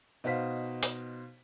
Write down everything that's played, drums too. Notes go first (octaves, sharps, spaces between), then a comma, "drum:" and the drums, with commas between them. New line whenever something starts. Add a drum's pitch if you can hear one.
B2 D#4 F#4 C5 F5 B6
drum: open hi-hat